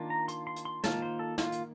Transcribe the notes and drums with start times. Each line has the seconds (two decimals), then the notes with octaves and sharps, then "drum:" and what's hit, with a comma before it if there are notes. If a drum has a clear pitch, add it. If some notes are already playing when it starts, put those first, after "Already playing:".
Already playing: D#3 A#3 D4 F4
0.10 A#5
0.28 C6, drum: hi-hat
0.47 C6
0.56 drum: hi-hat
0.65 C6
0.84 D#3 A#3 F4 A5, drum: snare
1.02 C5
1.19 A4
1.38 F4, drum: snare
1.52 drum: hi-hat